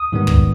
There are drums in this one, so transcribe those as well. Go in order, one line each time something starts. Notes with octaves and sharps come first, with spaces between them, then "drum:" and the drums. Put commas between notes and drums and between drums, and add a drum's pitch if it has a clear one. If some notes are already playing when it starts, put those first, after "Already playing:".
Already playing: D#6
G#2 D#3 G3 B3
drum: kick